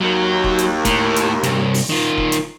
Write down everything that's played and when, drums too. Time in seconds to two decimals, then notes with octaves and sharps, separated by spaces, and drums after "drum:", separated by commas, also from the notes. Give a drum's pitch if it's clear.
0.01 D#2 F#3
0.44 drum: kick F1
0.58 drum: hi-hat
0.85 A2, drum: kick F1, hi-hat
1.16 drum: hi-hat
1.43 C2 G2, drum: hi-hat
1.74 drum: open hi-hat
1.89 D#3 F4
2.18 drum: kick F1
2.32 drum: hi-hat